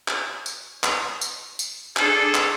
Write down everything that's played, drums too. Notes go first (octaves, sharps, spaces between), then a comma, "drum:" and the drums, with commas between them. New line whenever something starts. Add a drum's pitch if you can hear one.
drum: clap
drum: tambourine
drum: clap
drum: tambourine
drum: tambourine
D4 G#4 A4, drum: clap
drum: clap